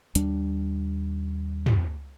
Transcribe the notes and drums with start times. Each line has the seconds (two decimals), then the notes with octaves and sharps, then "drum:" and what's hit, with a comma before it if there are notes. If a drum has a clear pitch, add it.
0.15 D#2 G3 D4, drum: hi-hat
1.66 drum: tom